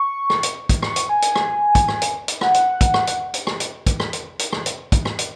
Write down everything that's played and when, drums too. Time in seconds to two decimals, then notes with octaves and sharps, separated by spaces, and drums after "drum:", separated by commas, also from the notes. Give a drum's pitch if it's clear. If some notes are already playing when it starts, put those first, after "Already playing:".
Already playing: C#6
0.30 drum: rim click
0.43 drum: hi-hat
0.69 drum: kick, hi-hat
0.83 C#6, drum: rim click
0.96 drum: hi-hat
1.09 G#5
1.22 drum: hi-hat
1.35 drum: rim click
1.75 drum: kick, hi-hat
1.88 drum: rim click
2.02 drum: hi-hat
2.28 drum: hi-hat
2.41 F#5, drum: rim click
2.54 drum: hi-hat
2.81 drum: kick, hi-hat
2.94 drum: rim click
3.07 drum: hi-hat
3.34 drum: hi-hat
3.47 drum: rim click
3.60 drum: hi-hat
3.86 drum: kick, hi-hat
4.00 drum: rim click
4.13 drum: hi-hat
4.39 drum: hi-hat
4.53 drum: rim click
4.66 drum: hi-hat
4.92 drum: kick, hi-hat
5.05 drum: rim click
5.19 drum: hi-hat